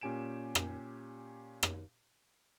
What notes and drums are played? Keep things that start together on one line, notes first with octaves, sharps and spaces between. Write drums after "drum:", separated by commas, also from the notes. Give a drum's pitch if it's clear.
A#2 C#4 G4 G#5 D7 E7
drum: rim click
drum: rim click